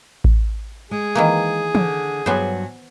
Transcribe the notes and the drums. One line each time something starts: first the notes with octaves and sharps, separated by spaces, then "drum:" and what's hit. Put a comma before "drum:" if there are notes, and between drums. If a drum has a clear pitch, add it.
drum: kick A1
G#3 G#4
D#3 E3 A#3
D3, drum: tom
G2 F#3 B3 C5 G#5